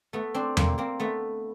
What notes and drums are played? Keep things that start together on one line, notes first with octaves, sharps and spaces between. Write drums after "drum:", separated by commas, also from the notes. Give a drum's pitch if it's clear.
A3 B3
C4 D4
A#3 C4, drum: tom E2
A#3 C4
A3 B3